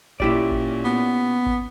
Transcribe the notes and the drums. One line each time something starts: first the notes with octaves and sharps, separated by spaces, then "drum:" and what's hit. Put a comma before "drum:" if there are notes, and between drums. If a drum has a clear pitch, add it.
A#2 C#4 E4 G4 D5, drum: kick G#1
drum: kick G#1
B3
drum: kick G#1